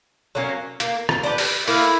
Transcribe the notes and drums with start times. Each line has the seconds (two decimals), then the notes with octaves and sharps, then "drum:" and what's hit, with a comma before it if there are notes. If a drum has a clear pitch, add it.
0.35 F#3 A#3 C#4
0.80 A#3, drum: hi-hat
1.09 drum: rim click
1.23 D4
1.26 G4 B4
1.38 drum: open hi-hat
1.68 A#3 E4, drum: open hi-hat